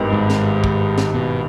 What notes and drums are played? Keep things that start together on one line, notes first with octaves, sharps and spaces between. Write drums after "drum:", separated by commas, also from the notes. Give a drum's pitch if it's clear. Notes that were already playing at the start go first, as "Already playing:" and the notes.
Already playing: G#1 G2 D#3 B3 D#4
G#2
drum: snare
drum: kick
drum: snare
B2